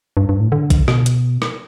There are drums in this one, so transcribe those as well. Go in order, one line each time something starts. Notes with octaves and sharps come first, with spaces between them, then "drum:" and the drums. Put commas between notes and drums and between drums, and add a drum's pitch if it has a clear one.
G2
G2
A2
D3
drum: kick A1, hi-hat
B2, drum: rim click
drum: hi-hat
drum: rim click